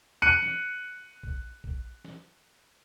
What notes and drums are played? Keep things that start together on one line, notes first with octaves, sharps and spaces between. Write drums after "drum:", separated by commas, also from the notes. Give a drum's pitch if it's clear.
F#6 C#7 D#7
drum: snare
drum: kick A#1
drum: kick A#1
drum: snare